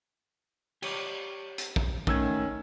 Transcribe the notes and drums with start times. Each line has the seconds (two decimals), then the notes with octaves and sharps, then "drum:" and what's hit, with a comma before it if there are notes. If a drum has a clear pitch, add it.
0.82 G4 C#5 D5, drum: cymbal
1.58 drum: hi-hat
1.76 drum: kick
2.07 D#3 A3 C#4 E6 G#6, drum: kick